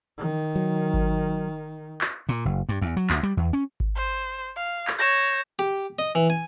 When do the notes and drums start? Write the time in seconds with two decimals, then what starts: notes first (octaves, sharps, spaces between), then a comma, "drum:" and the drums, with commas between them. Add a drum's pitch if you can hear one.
0.18 D#3
0.55 F#3
0.94 drum: kick G#1
2.01 drum: clap
2.29 A#2
2.45 F#1
2.69 G2
2.82 E2
2.97 F#3
3.10 D2, drum: clap
3.23 G3
3.37 E2
3.53 C#4
3.80 drum: kick G#1
3.96 C5
4.56 F5
4.87 drum: clap
4.99 C#5 G6 A#6 E7
5.59 G4
5.99 D#5
6.15 E3
6.30 G#5